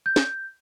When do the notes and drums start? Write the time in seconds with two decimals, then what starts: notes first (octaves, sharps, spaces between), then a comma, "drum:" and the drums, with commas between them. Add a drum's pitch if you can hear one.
0.06 G6
0.16 drum: snare